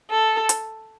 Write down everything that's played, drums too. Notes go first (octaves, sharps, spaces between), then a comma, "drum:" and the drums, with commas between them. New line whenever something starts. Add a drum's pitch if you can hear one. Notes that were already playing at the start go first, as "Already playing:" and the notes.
A4
drum: hi-hat